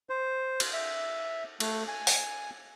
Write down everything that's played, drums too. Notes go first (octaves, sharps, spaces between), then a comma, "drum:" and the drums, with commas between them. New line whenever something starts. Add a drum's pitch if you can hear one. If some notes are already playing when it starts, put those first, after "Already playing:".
C5
drum: cymbal
E5
A3, drum: cymbal
G#5
drum: open hi-hat